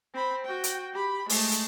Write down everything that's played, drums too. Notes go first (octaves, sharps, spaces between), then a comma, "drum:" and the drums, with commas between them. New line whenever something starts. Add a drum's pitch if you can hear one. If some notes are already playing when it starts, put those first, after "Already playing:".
C4 B5
F#4 G5
drum: hi-hat
G4 B5
G#3 A3, drum: open hi-hat
drum: hi-hat